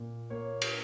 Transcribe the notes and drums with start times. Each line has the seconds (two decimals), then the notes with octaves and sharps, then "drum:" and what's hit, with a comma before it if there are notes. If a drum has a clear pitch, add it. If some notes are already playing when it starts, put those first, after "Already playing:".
Already playing: A#2
0.30 A#3 C#5
0.62 drum: cymbal